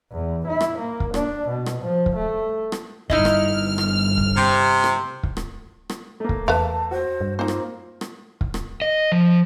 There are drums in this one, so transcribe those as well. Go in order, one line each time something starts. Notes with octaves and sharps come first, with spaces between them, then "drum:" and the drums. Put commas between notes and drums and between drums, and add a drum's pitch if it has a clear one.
E2
E4
drum: rim click
A#3
drum: kick
D4, drum: rim click
B2
drum: rim click
F3
drum: kick
A3
drum: rim click
G1 D#4 E4 D#5 F6, drum: kick
drum: rim click
drum: rim click
drum: kick
C3
drum: rim click
drum: kick
drum: rim click
drum: rim click
A3 A#3
drum: kick
E2 B4 E5 F5 A5
F#4 C5
G2
A#3 C4 D#4 F4 C5
drum: rim click
drum: rim click
drum: kick
drum: rim click
D#5
F3